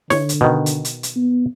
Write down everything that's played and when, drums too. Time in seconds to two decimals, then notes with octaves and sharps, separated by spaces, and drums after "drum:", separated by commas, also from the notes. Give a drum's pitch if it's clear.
0.10 D3 C#5, drum: snare
0.29 drum: hi-hat
0.41 B2 D#3
0.66 drum: hi-hat
0.85 drum: hi-hat
1.03 drum: hi-hat
1.16 B3